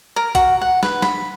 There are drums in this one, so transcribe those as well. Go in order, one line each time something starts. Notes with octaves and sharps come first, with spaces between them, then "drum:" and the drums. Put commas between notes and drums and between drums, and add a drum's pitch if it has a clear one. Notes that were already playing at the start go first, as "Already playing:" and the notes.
A#4
F#4, drum: kick, hi-hat
F#5
B4, drum: snare
B5, drum: snare